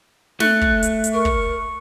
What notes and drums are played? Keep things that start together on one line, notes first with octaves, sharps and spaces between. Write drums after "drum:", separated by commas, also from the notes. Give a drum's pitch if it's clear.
A3 F#6, drum: snare
drum: kick
drum: hi-hat
drum: hi-hat
A#4 C#6
drum: kick